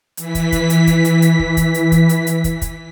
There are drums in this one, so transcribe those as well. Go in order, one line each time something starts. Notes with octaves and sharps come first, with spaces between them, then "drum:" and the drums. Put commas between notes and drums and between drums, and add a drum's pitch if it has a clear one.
E3 B6, drum: hi-hat
drum: kick, hi-hat
drum: kick, hi-hat
drum: hi-hat
drum: kick, hi-hat
drum: hi-hat
drum: hi-hat
drum: kick
drum: kick, hi-hat
drum: hi-hat
drum: kick, hi-hat
drum: hi-hat
drum: hi-hat
drum: kick, hi-hat
drum: kick, hi-hat